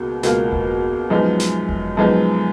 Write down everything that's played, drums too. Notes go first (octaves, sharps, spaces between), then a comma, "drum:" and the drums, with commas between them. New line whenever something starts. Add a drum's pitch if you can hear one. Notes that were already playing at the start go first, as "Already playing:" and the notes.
Already playing: C#2 B2 A#3
C#2 B2 A#3 F4, drum: snare
drum: kick E1
F#2 F3 G#3 B3 D#4
drum: snare
drum: kick E1
F#2 F3 G#3 B3 D#4